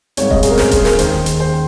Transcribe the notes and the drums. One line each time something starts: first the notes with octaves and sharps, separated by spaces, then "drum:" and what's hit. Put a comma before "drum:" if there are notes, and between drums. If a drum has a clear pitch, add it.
G#1 G#2 G3 C#5, drum: hi-hat
D#5, drum: kick D#1
G#4, drum: hi-hat
A#4
C5, drum: snare
G#4, drum: kick D#1, hi-hat
A#4, drum: snare
D#2 D#3 G#3 C5, drum: hi-hat
drum: hi-hat
C5